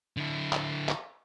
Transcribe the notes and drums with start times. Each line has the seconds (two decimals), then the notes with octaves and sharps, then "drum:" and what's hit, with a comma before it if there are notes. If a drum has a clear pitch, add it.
0.17 D3 E4
0.53 drum: clap
0.89 drum: clap